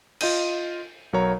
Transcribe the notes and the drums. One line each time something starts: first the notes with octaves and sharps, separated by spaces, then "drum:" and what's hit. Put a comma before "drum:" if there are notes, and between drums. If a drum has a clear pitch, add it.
F4 D#5 G6 D#7, drum: cymbal
B1 F#3 A#4 C#5 A#5